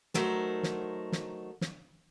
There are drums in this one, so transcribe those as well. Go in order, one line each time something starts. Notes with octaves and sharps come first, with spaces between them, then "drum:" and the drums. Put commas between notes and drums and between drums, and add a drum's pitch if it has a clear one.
F#3 A3 D#4 A#4 C5, drum: snare
drum: snare
drum: snare
drum: snare